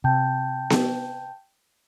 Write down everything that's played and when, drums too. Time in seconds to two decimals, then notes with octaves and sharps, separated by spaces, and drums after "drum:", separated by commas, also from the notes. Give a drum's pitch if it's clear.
0.04 C3 G5 A5 G6
0.70 drum: snare B3